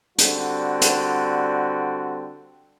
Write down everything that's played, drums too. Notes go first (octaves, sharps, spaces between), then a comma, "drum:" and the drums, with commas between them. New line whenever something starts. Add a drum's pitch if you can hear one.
D3 G3 C4 F#4, drum: hi-hat
drum: hi-hat